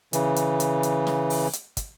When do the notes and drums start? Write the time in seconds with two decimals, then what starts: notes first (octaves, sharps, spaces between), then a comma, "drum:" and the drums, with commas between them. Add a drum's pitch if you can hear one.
0.13 C#3 E3, drum: hi-hat
0.36 drum: hi-hat
0.60 drum: hi-hat
0.83 drum: hi-hat
1.07 drum: snare
1.30 drum: open hi-hat
1.53 drum: hi-hat
1.77 drum: kick, hi-hat